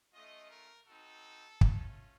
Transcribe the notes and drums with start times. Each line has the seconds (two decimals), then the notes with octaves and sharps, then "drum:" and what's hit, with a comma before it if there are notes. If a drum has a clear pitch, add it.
0.13 A3 C#4 F4 D#5
0.50 A#4
0.86 C4 D#4 F#4 A4
1.61 A3 C#4 F4, drum: kick